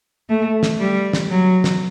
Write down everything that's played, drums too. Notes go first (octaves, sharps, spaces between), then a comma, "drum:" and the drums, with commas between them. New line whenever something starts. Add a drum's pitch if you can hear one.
A3
drum: snare
G3
drum: snare
F#3
drum: snare